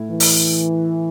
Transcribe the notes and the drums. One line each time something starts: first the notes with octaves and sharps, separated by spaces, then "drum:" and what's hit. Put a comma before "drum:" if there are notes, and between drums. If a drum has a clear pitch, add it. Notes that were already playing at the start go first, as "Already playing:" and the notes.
Already playing: A2 A3 E4
E3
drum: open hi-hat